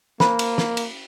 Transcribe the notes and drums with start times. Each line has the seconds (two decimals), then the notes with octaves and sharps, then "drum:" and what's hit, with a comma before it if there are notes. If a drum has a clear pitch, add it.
0.20 A#3 C5 A5 B5, drum: snare
0.39 drum: cymbal
0.58 drum: snare
0.77 drum: cymbal